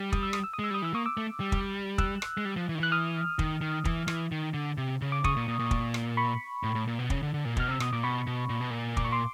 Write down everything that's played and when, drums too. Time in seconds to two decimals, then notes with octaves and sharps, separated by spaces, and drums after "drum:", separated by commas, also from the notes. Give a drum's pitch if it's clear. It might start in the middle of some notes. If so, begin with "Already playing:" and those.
Already playing: G3
0.12 D#6, drum: kick
0.23 E6
0.33 D#6, drum: rim click
0.44 E6
0.53 D#6
0.59 G#3 E6
0.71 G3 D#6
0.82 E3 E6
0.94 A#3 C#6 D#6
1.06 D6 E6
1.17 A3
1.40 G3
1.52 drum: kick
1.98 E6 F#6, drum: kick
2.22 drum: rim click
2.38 G#3
2.45 G3
2.57 F3
2.69 E3
2.75 D#3
2.80 E3 F#6
2.92 D#6 F6
3.39 D#3, drum: kick
3.62 D#3
3.85 E3, drum: kick
4.08 E3, drum: rim click
4.32 D#3
4.54 D3
4.78 C3
5.02 C#3
5.12 D6
5.24 C#3 C#6 D#6, drum: kick
5.37 A#2
5.48 A#2
5.59 A#2
5.71 drum: kick
5.94 drum: rim click
6.17 B5 C#6
6.63 A2
6.75 A2
6.87 A#2
6.99 B2
7.10 C#3, drum: kick
7.23 D3
7.34 D3
7.45 A#2
7.57 B2 F6, drum: kick
7.68 C3 E6
7.80 B2 D#6, drum: rim click
7.93 A#2 D6
8.03 B2 B5 C#6
8.27 B2
8.49 A#2
8.60 B2
8.70 A#2
8.97 D6, drum: kick
9.05 C#6
9.12 C6 D6